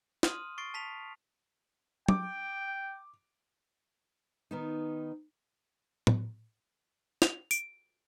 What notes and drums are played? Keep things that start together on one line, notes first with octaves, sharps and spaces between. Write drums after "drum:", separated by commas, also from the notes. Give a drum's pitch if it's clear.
C6 D#6 F6 D#7, drum: snare
C#6 A6 C7 D7
A5 B6 F7
G5 D6, drum: tom
D#3 B3 D#4
drum: tom A2
F7, drum: snare
D7, drum: tambourine